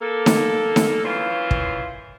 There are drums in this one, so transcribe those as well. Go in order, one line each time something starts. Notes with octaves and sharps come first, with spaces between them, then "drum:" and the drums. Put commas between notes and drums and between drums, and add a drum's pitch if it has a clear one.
A#3 A4
drum: snare D#4
drum: snare D#4
F#2 E3 F4 C5 C#5 F5
drum: kick